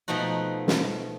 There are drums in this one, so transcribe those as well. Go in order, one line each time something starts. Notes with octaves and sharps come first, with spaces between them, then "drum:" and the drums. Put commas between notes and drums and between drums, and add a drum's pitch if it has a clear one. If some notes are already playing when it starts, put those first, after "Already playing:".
B2 F3 A3 D#4 F#4
drum: snare